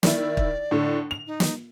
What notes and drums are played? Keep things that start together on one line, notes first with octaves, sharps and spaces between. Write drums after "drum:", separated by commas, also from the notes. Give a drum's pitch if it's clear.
D#3 E4 D5, drum: snare
drum: kick
A2 D3
F7
D#4
drum: snare